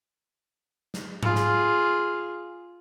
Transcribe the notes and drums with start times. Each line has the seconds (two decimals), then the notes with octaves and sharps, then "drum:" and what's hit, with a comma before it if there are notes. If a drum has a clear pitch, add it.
0.94 drum: snare
1.23 F4 G#4, drum: tom G#2
1.36 drum: snare